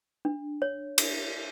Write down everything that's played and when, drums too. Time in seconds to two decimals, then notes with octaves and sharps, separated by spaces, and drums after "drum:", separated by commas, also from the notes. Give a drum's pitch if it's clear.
0.25 D4
0.62 C#5
0.98 drum: cymbal